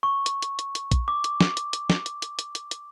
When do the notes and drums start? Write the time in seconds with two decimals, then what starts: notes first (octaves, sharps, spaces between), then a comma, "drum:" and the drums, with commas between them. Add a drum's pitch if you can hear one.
0.03 C#6
0.26 drum: hi-hat
0.42 drum: hi-hat
0.59 drum: hi-hat
0.75 drum: hi-hat
0.91 drum: kick, hi-hat
1.08 D6
1.24 drum: hi-hat
1.41 drum: snare
1.57 drum: hi-hat
1.73 drum: hi-hat
1.90 drum: snare
2.06 drum: hi-hat
2.22 drum: hi-hat
2.39 drum: hi-hat
2.55 drum: hi-hat
2.71 drum: hi-hat